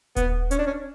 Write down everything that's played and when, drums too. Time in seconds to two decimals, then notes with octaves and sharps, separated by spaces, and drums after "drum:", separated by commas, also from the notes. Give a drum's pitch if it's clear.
0.16 B3, drum: kick D#1, hi-hat
0.51 C#4, drum: hi-hat
0.59 D4
0.67 C#4